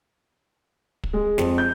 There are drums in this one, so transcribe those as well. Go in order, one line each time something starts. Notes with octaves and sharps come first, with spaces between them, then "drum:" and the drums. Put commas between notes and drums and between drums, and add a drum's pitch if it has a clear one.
drum: kick
G#3
F2, drum: snare
G6